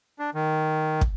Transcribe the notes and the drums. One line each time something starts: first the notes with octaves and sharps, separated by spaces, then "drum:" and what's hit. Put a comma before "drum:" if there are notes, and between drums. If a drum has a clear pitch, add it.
D4
D#3
drum: kick